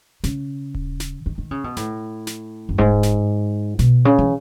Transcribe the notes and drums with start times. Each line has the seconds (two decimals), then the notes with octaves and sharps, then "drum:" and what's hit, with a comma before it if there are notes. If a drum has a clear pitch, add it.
0.24 C#3, drum: snare
0.75 drum: kick D#1
1.00 drum: snare
1.26 D#3
1.38 D#3
1.51 C#3
1.64 B2
1.77 A2, drum: snare
2.27 drum: snare
2.69 F#2
2.78 G#2, drum: kick D#1
3.03 drum: snare
3.79 B2, drum: snare
4.05 C#3
4.19 E3